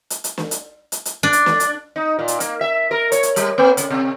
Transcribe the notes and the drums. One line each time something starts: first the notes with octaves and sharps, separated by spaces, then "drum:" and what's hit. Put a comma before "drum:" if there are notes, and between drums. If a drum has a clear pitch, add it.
drum: hi-hat
drum: hi-hat
drum: snare
drum: hi-hat
drum: hi-hat
drum: hi-hat
D4
drum: hi-hat
drum: snare
drum: hi-hat
D#4
A#2
drum: hi-hat
A#3, drum: hi-hat
E5
A#4
C#5, drum: hi-hat
drum: hi-hat
G3, drum: hi-hat
A#3
C#3, drum: hi-hat
C3